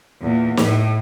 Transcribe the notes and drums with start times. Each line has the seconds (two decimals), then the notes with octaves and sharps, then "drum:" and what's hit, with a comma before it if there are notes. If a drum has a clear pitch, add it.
0.21 E2 A#2
0.57 A2, drum: snare